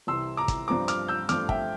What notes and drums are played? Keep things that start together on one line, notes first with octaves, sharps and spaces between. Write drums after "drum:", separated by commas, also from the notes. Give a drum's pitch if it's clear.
C2 C3 E3 C6 E6
A#5 D6
drum: kick, hi-hat
G2 F3 C4 A#5 D6
D6 F6, drum: hi-hat
E6 G6
G2 F3 A3 C4 D6 F6, drum: hi-hat
E5 G5, drum: kick